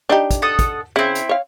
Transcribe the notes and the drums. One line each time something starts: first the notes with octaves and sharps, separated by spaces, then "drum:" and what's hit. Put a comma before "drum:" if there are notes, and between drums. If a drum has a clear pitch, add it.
D4 D#4 G4
drum: kick, hi-hat
A4 F#5 D#6
drum: kick, hi-hat
C#3 C4 E4
drum: hi-hat
C#5 F5